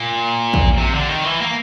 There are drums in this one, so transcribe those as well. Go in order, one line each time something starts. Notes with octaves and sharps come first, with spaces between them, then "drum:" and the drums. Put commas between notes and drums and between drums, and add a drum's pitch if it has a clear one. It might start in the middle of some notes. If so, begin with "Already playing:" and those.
Already playing: A#2
drum: kick
C3
D3
D#3
E3
A#3